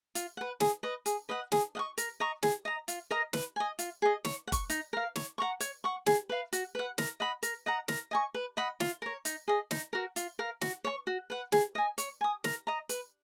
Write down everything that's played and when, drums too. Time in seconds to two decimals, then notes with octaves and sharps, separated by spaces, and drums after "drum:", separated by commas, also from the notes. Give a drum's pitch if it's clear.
0.15 F4, drum: hi-hat
0.37 B4 F#5
0.60 G#4, drum: snare
0.83 B4 D#5
1.06 G#4, drum: hi-hat
1.29 B4 D#5 F#5
1.52 G#4, drum: snare
1.75 D#5 F#5 C#6
1.98 A#4, drum: hi-hat
2.20 D#5 A#5 C#6
2.43 G#4, drum: snare
2.65 D#5 A#5
2.88 F4, drum: hi-hat
3.11 A#4 D#5 A#5
3.33 B4, drum: snare
3.56 D#5 G#5
3.79 F4, drum: hi-hat
4.02 G#4 D#5
4.25 C#5, drum: snare
4.47 F#5
4.52 C#6, drum: kick, hi-hat
4.70 D#4, drum: hi-hat
4.93 A#4 F5
5.16 C#5, drum: snare
5.38 F#5 A#5 C#6
5.60 C#5, drum: hi-hat
5.84 F#5 C#6
6.06 G#4, drum: snare
6.29 B4 F5
6.53 F#4, drum: hi-hat
6.75 B4 F#5
6.98 A#4, drum: snare
7.20 D#5 F#5 B5
7.43 A#4, drum: hi-hat
7.66 D#5 F#5 A#5
7.88 A#4, drum: snare
8.11 D#5 G#5 C#6
8.34 B4
8.57 D#5 F#5 B5
8.80 F4, drum: snare
9.02 A#4 C#5
9.25 D#4, drum: hi-hat
9.48 G#4 D#5
9.71 D#4, drum: snare
9.93 F#4 A#4
10.16 F4, drum: hi-hat
10.39 A#4 F5
10.61 F#4, drum: snare
10.84 C#5 G#5 C#6
11.07 F#4
11.30 B4 F#5
11.52 G#4, drum: snare
11.75 D#5 G#5
11.98 C#5, drum: hi-hat
12.21 G#5 D#6
12.44 A#4, drum: snare
12.67 D#5 A#5
12.89 B4, drum: hi-hat